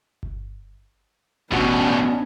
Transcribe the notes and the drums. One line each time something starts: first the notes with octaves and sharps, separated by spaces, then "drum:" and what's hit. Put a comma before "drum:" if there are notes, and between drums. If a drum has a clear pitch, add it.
drum: kick G1
A1 G2 B2 B3 C#4 D4 F#4 C#7, drum: kick G1